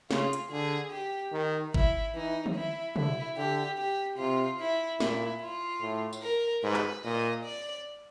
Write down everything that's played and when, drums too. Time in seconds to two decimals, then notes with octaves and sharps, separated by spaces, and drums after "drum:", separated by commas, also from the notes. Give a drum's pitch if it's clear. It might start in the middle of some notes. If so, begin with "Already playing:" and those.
0.11 C#3 F4, drum: snare
0.33 drum: hi-hat
0.51 D3 G#4
0.92 G4
1.33 D#3
1.74 E4, drum: kick G1
2.14 E3 D#4
2.46 drum: tom
2.55 E4
2.96 D3 E4, drum: tom
3.37 D3 G4
3.78 G4
4.18 C3 F4
4.59 E4
5.00 A#2 E4, drum: snare
5.41 F4
5.82 A2
6.13 drum: tambourine
6.22 A#4
6.63 G#2 B4
6.74 drum: clap
7.05 A#2 D#5
7.45 D5